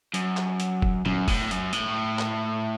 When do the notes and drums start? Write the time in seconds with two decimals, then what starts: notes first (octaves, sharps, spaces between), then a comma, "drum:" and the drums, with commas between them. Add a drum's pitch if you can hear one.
0.14 F#2, drum: hi-hat
0.37 drum: clap
0.60 drum: hi-hat
0.82 drum: kick F1
1.06 F#2, drum: tom A#2
1.28 A2, drum: kick F1, open hi-hat
1.51 F#2, drum: hi-hat
1.73 A2, drum: hi-hat
2.19 drum: clap